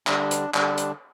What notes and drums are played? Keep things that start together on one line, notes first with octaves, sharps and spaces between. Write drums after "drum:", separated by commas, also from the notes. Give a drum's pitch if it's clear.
D3 G3 D4, drum: clap
drum: hi-hat
D3 G3 D4, drum: clap
drum: hi-hat